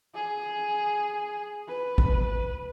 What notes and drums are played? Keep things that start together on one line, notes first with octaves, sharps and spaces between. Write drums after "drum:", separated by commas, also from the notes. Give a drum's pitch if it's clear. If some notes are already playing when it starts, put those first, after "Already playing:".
G#4
B4
drum: kick